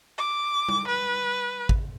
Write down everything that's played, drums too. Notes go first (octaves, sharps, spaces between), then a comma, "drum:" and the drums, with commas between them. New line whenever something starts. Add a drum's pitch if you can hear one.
D6
drum: tom G3
B4
drum: kick G#1